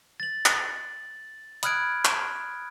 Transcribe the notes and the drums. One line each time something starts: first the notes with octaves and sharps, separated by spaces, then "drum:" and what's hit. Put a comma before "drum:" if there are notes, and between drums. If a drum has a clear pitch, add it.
A6 F#7
drum: clap
B5 D#6 F6 F#6 G#6 D7, drum: hi-hat
drum: clap